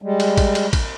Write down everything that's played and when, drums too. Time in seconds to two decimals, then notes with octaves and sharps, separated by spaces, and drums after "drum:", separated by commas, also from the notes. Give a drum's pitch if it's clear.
0.02 G3 G#3
0.20 drum: cymbal
0.37 drum: kick, cymbal
0.55 drum: cymbal
0.73 drum: kick, cymbal